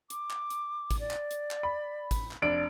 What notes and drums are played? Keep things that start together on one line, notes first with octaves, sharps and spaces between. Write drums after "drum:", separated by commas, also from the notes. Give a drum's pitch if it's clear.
D6, drum: hi-hat
drum: clap
drum: hi-hat
drum: kick, hi-hat
D5
drum: clap
drum: hi-hat
drum: clap
B5
drum: kick, hi-hat
drum: clap
F1 D4 D7